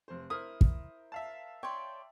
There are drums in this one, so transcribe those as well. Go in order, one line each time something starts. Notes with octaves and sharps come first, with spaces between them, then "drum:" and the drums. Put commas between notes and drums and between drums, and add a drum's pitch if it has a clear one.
F1 C5
E4 A#4 C5 D#6 F6
drum: kick
E5 F5 A5
C#5 D5 G5 C6